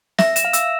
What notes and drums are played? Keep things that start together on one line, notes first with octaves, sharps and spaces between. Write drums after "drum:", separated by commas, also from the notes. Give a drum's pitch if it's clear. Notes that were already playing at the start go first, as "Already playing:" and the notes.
E5 A#6, drum: snare
E7, drum: hi-hat
F5
E6, drum: hi-hat